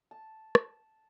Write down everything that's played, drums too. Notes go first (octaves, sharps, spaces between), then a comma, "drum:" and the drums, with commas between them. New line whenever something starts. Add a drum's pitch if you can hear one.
A5
drum: rim click